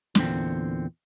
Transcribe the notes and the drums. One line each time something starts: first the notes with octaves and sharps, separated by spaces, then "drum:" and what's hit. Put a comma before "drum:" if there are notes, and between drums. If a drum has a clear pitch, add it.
E2 A#2 D3 C4, drum: snare